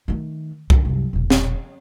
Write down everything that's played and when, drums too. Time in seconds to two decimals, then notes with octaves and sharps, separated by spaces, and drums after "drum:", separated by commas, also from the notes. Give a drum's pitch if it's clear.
0.08 D#3 A3
0.70 D3, drum: kick C2
0.85 C2 F#2
1.13 E1 A#1
1.30 drum: snare